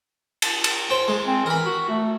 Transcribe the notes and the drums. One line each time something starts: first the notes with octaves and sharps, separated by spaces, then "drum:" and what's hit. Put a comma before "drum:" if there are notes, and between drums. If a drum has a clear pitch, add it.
drum: cymbal
drum: cymbal
C5 G5
G#3
C4
E3 A#4 B5
F#4
A3